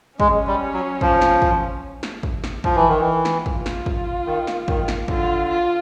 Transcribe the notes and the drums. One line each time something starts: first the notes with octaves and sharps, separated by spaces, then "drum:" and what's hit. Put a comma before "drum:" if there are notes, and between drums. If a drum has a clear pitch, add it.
G#3 C#4, drum: kick
G3
F#3
F3, drum: kick
drum: snare
drum: kick
drum: snare
drum: kick
drum: snare
F3, drum: kick
E3
D#3
E3
drum: snare
F4, drum: kick
drum: snare
drum: kick
D#3
drum: snare
D#3, drum: kick
drum: snare
D3 F4, drum: kick
F4